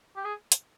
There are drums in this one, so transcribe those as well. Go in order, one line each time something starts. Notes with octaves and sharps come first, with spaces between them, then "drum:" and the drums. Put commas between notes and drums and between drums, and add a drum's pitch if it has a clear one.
G4
G#4
drum: hi-hat